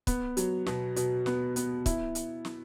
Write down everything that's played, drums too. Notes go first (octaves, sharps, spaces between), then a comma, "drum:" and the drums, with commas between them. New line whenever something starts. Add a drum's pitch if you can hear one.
B3, drum: kick, hi-hat
F#3, drum: hi-hat
B2, drum: snare
B2, drum: hi-hat
B3, drum: snare
B3, drum: hi-hat
E4, drum: kick, hi-hat
drum: hi-hat
drum: snare